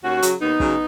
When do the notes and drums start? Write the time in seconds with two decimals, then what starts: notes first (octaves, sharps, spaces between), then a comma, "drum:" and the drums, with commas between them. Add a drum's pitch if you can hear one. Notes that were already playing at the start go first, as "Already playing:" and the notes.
0.03 D#2 C#4 F#4
0.22 C#3 F#3, drum: hi-hat
0.41 D#2 B3 D#4
0.60 C#3 F#3, drum: kick